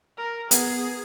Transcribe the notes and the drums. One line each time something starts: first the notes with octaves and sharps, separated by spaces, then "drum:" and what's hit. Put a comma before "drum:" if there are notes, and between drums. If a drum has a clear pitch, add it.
A#4
B3 G#4, drum: hi-hat